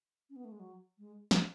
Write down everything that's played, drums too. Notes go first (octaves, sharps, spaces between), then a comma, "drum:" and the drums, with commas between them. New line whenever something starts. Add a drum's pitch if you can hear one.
C#4
B3
A3
G#3
F#3
G#3
drum: snare